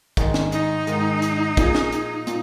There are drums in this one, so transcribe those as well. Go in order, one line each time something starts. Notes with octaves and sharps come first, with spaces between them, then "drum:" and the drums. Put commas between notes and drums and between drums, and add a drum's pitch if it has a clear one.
G#2 D#3 G#3, drum: kick, hi-hat
drum: snare
D#4, drum: hi-hat
G#2 D#3 G#3, drum: hi-hat
drum: hi-hat
A#2 F3 A#3 G#4, drum: kick, hi-hat
drum: snare
drum: hi-hat
A#2, drum: hi-hat